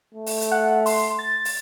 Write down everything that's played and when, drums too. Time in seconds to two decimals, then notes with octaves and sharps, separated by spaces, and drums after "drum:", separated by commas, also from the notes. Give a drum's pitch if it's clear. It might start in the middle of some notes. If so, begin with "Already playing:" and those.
0.14 A3
0.26 drum: open hi-hat
0.41 drum: hi-hat
0.51 F#5
0.86 C6, drum: open hi-hat
1.19 A6
1.45 drum: open hi-hat